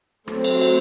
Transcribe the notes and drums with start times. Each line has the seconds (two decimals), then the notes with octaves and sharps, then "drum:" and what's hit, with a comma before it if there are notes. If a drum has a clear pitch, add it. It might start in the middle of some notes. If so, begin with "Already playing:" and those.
0.27 F#3 A3 C4, drum: rim click
0.44 drum: cymbal
0.61 drum: cymbal